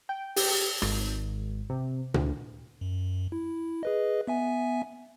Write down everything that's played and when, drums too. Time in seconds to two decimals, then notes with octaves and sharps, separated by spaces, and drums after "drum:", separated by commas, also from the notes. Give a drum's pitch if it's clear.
0.09 G5
0.36 G4, drum: open hi-hat
0.82 G#1, drum: rim click
1.70 C3
2.14 D2, drum: tom A#2
2.81 F#2
3.32 E4
3.83 G#4 B4 D#5
4.27 B3 E5 G#5